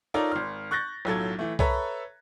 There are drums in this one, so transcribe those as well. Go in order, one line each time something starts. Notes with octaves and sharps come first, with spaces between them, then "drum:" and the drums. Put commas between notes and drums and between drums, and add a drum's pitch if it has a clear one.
D#4 F4 A4 A#4 C#5 D5
G#1 C6 F6
C#6 F#6 G6 A6 A#6
B1 A2 F#3 F4 A4 G#6
E3 A3
A4 B4 C#5 E5 A#5 B5, drum: kick C2